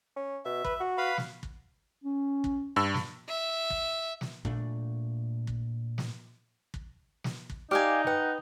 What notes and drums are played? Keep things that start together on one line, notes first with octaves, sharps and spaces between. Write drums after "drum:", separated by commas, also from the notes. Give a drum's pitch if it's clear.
C#4
B2 E5
B4, drum: kick
F#4
B4 F5 B5
drum: snare
drum: kick
C#4
drum: kick
G2 E6
drum: snare
E5
drum: kick
drum: snare
A#2 A3 D4, drum: kick
drum: kick
drum: snare
drum: kick
drum: snare
drum: kick
D#4 G4 D5 F5 G#5 D6 F6
B4 F#5 G5